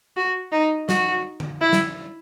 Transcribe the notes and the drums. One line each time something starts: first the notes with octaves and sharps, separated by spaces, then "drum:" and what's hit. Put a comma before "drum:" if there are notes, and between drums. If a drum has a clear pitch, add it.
F#4
D#4
F#4, drum: snare
drum: tom D3
E4
drum: snare